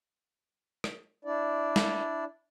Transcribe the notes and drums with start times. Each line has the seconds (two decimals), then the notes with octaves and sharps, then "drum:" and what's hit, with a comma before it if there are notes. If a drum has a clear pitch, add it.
0.84 drum: rim click
1.25 D4 E4 D5
1.76 drum: snare